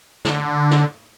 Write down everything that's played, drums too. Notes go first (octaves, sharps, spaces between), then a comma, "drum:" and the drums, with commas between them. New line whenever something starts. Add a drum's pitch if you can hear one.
D3, drum: snare
drum: snare